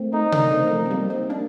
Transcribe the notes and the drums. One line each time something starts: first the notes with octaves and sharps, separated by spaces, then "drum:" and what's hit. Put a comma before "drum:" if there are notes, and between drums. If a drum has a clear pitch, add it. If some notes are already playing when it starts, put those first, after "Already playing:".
Already playing: A3 A#3 C4
A3 C4 D#4
A#3 D4, drum: tom C3
A3 C4
A#3
F3 A3
C4
G3 A#3
C4 D#4
A#3 D4